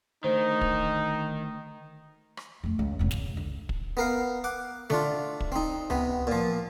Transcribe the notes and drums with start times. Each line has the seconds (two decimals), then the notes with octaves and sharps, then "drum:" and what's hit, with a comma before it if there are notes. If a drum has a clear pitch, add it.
0.24 D2 D#3 D#4 C5
0.61 drum: kick
2.37 drum: rim click
2.64 F2 A3
2.79 C#2
2.99 E1 C#3
3.11 C#2 C#3, drum: snare
3.37 D3
3.69 drum: kick
3.97 B3 A#4 F5
4.44 F#5 D6
4.90 A3 D4 F4, drum: tom D3
5.40 drum: kick
5.52 C4 D#4
5.90 C3 B3, drum: tom C#2
6.27 A#2 F3